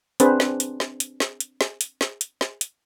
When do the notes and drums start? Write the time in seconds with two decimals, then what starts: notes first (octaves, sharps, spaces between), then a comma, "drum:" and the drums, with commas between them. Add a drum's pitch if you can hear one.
0.20 C4 D4 G#4 B4 C5, drum: hi-hat
0.40 drum: snare
0.60 drum: hi-hat
0.80 drum: snare
1.00 drum: hi-hat
1.20 drum: snare
1.40 drum: hi-hat
1.61 drum: snare
1.81 drum: hi-hat
2.01 drum: snare
2.21 drum: hi-hat
2.41 drum: snare
2.61 drum: hi-hat